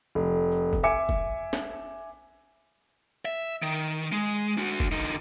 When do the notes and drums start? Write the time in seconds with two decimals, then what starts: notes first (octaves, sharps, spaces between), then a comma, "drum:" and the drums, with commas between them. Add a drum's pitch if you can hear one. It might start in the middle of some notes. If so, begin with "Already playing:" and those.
0.15 F1
0.52 drum: tambourine
0.73 drum: kick
0.83 E5 G#5 D6 C#7
1.09 drum: kick
1.53 drum: snare
3.25 E5
3.62 D#3
4.03 drum: hi-hat
4.12 G#3
4.58 D4 F#4
4.80 drum: kick
4.92 D3 D#4